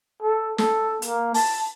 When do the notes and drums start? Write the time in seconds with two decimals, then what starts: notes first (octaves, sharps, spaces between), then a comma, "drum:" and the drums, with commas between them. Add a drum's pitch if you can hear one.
0.22 A4
0.58 A4, drum: snare
1.02 A#3, drum: hi-hat
1.34 A5, drum: open hi-hat